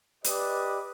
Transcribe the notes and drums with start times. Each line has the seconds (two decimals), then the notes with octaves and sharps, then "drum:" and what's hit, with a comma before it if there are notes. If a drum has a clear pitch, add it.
0.24 G4 B4 D5 D#5, drum: hi-hat